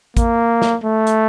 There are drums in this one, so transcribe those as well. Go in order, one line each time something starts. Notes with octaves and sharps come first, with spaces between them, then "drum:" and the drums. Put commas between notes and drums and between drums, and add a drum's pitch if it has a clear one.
A#3, drum: kick A1, hi-hat
drum: snare
A3
drum: hi-hat